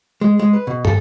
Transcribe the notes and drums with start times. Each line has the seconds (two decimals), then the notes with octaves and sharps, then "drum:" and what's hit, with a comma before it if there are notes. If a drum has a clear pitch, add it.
0.21 G#3
0.39 G#3
0.53 B4
0.67 B2
0.85 A4, drum: tom